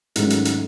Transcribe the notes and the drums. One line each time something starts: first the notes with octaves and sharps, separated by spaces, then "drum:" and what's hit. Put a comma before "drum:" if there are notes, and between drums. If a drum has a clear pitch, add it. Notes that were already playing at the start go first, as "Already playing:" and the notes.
G#2 D#3 F#3 A3 C#4, drum: hi-hat
drum: hi-hat
drum: hi-hat